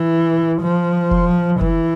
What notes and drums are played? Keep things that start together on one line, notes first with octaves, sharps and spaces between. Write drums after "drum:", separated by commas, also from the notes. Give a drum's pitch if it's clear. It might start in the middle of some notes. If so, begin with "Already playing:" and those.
Already playing: E3
F3
drum: kick F1
E3, drum: kick F1